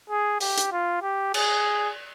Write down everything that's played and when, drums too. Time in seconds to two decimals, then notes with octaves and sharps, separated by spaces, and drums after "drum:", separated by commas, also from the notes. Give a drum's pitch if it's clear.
0.10 G#4
0.40 G4, drum: open hi-hat
0.58 drum: hi-hat
0.72 F4
1.02 G4
1.34 G#4, drum: cymbal